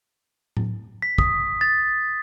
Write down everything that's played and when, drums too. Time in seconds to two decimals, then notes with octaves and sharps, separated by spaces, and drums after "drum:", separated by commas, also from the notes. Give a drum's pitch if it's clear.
0.57 drum: tom A2
1.02 B6
1.18 D#6, drum: kick
1.61 A6